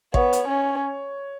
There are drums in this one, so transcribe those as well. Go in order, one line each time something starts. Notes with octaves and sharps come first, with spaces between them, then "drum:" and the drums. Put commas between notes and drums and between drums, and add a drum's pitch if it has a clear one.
B3 C#5, drum: kick
drum: hi-hat
C#4